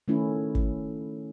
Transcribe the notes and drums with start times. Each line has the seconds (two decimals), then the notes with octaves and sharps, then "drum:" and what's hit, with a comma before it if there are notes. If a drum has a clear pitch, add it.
0.08 D#3 A3 C#4 E4
0.55 drum: kick